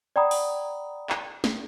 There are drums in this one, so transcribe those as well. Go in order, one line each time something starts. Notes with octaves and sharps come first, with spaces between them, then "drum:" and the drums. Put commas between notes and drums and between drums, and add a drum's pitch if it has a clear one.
D5 F#5 G5 A#5 B5 D#6
drum: open hi-hat
drum: clap
drum: snare